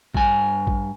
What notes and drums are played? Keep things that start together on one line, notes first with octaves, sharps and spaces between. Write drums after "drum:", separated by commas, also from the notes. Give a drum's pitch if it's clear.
G2 G#5, drum: kick A1
drum: kick A1